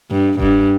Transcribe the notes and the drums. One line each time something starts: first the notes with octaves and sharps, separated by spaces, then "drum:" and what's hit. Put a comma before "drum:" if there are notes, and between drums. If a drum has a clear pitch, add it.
G2
G2, drum: kick E1